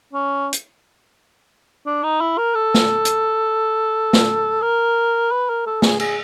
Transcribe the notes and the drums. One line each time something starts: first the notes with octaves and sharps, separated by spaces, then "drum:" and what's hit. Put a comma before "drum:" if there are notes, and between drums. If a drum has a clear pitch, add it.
C#4
drum: hi-hat
D4
D#4
E4
A#4
A4
drum: snare
drum: hi-hat
drum: snare
A#4
B4
A#4
A4
G#4, drum: snare
G#4, drum: cymbal